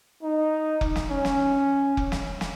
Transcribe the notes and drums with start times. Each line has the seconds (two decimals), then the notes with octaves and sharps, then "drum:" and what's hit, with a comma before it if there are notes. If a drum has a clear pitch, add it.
0.23 D#4
0.81 drum: kick F1
0.96 drum: snare
1.10 C#4
1.25 drum: snare
1.97 drum: kick F1
2.12 drum: snare
2.41 drum: snare